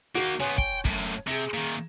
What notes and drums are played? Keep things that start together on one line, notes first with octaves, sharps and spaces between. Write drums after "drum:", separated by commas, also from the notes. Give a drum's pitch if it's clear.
A#3 D#4 F#4
C#3 B3 C#5 G#5 C6
G5, drum: kick
F#2 A2, drum: kick
C3 G#4 A#6
A#2 D#3